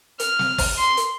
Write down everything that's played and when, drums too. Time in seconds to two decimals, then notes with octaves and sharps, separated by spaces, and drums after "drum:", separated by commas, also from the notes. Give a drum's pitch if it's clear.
0.20 F6, drum: hi-hat
0.39 drum: snare
0.58 drum: kick, open hi-hat
0.78 C6
0.97 drum: hi-hat